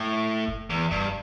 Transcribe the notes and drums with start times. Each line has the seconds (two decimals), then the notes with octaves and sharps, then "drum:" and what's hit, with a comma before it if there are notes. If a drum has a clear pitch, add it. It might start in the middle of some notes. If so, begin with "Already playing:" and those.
Already playing: A2
0.48 drum: kick F1
0.70 E2
0.91 G2, drum: kick F1